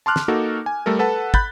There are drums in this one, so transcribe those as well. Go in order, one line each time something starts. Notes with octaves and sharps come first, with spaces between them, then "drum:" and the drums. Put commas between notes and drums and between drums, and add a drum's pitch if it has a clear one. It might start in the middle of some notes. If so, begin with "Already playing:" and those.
A5 C6 D6 F6 F#6
drum: snare
A#3 D#4 F#4 A4 A#4
G#5
G3 A3 A4 A#4
A4 B4 F#5 A5
B5 F#6 G6 A6, drum: kick